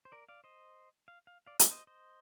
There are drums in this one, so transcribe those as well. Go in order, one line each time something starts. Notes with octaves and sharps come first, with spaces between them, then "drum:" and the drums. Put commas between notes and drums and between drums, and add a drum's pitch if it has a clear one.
C5
A#4 D5
D5 F5
C5 D#5
F5
F5
D5 F5
D5, drum: hi-hat
C5 D#5
C5 D#5